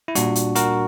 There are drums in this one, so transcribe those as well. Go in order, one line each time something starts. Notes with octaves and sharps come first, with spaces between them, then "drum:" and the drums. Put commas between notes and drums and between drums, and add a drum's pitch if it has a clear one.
E4
A#2 G3 D4 F#4, drum: hi-hat
drum: hi-hat
F#4 A#4, drum: hi-hat